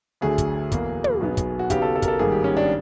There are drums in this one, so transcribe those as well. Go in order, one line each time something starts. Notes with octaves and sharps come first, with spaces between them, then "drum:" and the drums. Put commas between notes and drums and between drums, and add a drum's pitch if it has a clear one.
D2 D3 F#3 A3 G#4
drum: kick, hi-hat
E2 B2 F#3 A#3, drum: kick, hi-hat
drum: tom
B1 B2 F#3 B3
drum: kick, hi-hat
F#4
D#2 C#3 F#3 B3 G4, drum: kick, hi-hat
A4
A4
A#4, drum: kick, hi-hat
A4
G#1 G2 D#3 G3 A#3 G#4
G4
C#4
D4